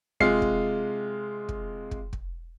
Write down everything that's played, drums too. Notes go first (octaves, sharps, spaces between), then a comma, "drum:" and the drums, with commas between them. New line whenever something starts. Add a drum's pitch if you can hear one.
C3 G#3 F4 F5 C7, drum: kick
drum: kick
drum: kick
drum: kick
drum: kick